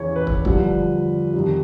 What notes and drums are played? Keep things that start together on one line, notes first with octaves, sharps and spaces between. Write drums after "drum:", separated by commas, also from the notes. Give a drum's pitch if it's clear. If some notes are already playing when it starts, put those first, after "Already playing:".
Already playing: E2 C#3 E3 C#5
B4
drum: kick
G2 D3 F3, drum: kick
F2 C3 D#3